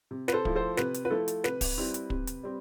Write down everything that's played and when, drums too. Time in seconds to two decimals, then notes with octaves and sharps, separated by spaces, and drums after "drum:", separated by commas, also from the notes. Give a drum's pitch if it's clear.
0.11 C3
0.28 B4, drum: snare
0.33 A4 C5
0.45 F3 A3 E4, drum: kick
0.55 A4 C5
0.77 C3 B4, drum: snare
0.94 drum: hi-hat
1.05 B4
1.10 F3 A3 E4 A4
1.28 drum: hi-hat
1.44 C3 B4, drum: snare
1.61 drum: kick, open hi-hat
1.78 G3 C4 E4
1.94 drum: hi-hat
2.10 C3, drum: kick
2.27 drum: hi-hat
2.43 G3 C4